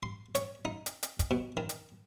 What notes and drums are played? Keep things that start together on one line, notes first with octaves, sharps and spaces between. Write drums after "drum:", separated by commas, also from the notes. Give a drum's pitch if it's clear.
C6
C#5, drum: hi-hat
D#4
drum: hi-hat
drum: hi-hat
drum: kick, hi-hat
B2
D#3
drum: hi-hat